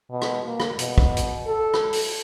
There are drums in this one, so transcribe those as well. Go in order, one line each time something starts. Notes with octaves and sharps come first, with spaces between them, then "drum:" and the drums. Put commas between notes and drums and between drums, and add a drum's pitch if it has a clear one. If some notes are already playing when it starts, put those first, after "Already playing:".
B2
drum: rim click
A#3
drum: rim click
B2, drum: hi-hat
drum: kick
drum: hi-hat
A4
drum: rim click
drum: open hi-hat